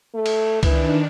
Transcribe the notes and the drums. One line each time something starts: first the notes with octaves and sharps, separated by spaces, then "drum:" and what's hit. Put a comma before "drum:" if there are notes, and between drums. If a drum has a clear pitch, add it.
A3
drum: cymbal
D#3 E3 D4, drum: kick C#2, cymbal